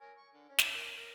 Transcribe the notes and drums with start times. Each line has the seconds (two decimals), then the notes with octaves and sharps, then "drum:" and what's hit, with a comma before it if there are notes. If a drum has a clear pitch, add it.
0.01 A#4 C#5 G#5
0.18 C#6
0.34 D3
0.49 C#4
0.59 drum: snare
0.74 A#4
0.98 A#4